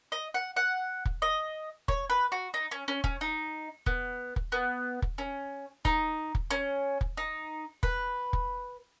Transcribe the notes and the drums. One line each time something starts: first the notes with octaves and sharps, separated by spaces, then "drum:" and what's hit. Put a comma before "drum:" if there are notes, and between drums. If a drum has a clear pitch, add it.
D#5
F#5
F#5
drum: kick
D#5
C#5, drum: kick
B4
F#4
D#4
C#4
C#4
C#4, drum: kick
D#4
B3, drum: kick
drum: kick
B3
drum: kick
C#4
D#4, drum: kick
drum: kick
C#4
drum: kick
D#4
B4, drum: kick
drum: kick